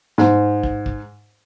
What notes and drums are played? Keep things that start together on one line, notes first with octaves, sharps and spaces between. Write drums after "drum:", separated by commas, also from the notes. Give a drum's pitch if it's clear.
G#2, drum: snare
drum: kick
drum: kick